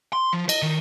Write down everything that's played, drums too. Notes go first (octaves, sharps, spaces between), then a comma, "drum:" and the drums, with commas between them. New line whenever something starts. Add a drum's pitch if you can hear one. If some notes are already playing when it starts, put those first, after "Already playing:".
C6
F3
D#5, drum: cymbal
D#3